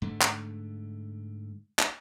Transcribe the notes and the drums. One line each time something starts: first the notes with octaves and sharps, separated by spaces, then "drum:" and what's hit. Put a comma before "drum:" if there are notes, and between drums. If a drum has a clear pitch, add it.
G#2 D3 A3
drum: clap
drum: clap